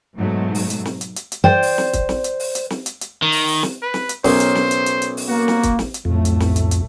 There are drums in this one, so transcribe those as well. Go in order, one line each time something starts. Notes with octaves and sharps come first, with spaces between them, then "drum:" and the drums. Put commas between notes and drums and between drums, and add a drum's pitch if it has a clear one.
G#2 B2 F#3 A3
drum: open hi-hat
drum: hi-hat
drum: snare
drum: hi-hat
drum: hi-hat
drum: hi-hat
C5 D5 G5
drum: open hi-hat
drum: snare
drum: kick, hi-hat
drum: snare
drum: hi-hat
drum: open hi-hat
drum: hi-hat
drum: snare
drum: hi-hat
drum: hi-hat
D#3
drum: open hi-hat
drum: open hi-hat
drum: snare
B4
drum: snare
drum: hi-hat
B1 C#4 A#4 C5, drum: open hi-hat
drum: hi-hat
drum: snare
drum: hi-hat
drum: hi-hat
drum: hi-hat
drum: open hi-hat
A#3 F#4
drum: snare
drum: kick, hi-hat
drum: snare
drum: hi-hat
B1 F2 A2 A3
drum: hi-hat
drum: snare
drum: hi-hat
drum: hi-hat